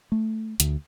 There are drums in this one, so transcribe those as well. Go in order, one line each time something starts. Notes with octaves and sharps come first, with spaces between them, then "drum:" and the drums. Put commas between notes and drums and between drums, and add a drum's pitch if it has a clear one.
A3
D2, drum: hi-hat